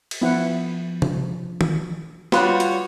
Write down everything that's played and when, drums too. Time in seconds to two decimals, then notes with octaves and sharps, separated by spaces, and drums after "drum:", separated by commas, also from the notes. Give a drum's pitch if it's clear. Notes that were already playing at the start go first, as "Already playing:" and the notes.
0.11 drum: cymbal
0.22 F3 B3 E4 F#5
1.02 drum: tom C3
1.61 drum: tom
2.32 G3 F4 F#4 B4 C#5 C6 F#6, drum: snare
2.60 drum: hi-hat